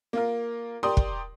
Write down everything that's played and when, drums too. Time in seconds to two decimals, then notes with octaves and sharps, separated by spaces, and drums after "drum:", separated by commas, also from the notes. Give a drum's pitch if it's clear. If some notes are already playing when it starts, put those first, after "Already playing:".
0.13 A#3 F4 A#4
0.83 G4 A#4 D5 G5 C6 D#6
0.97 drum: kick